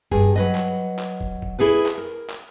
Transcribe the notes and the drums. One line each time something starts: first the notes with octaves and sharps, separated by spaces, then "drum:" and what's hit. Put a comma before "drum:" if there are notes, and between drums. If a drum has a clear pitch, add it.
G2 G#4, drum: kick
F#3 B4 D#5
drum: clap
drum: clap
drum: kick
drum: kick
E4 G#4 A4 B4
drum: clap
A#4
drum: clap